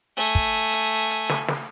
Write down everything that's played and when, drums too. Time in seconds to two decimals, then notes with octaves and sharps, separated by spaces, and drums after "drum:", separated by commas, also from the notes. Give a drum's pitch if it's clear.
0.16 A3 G#5
0.35 drum: kick
0.73 drum: hi-hat
1.11 drum: hi-hat
1.29 drum: snare
1.48 drum: snare